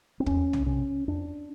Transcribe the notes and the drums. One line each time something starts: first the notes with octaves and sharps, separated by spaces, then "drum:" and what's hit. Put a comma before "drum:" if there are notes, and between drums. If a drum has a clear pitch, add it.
C4
E2 C#4, drum: kick
drum: tom
C3 C#4
F2 D4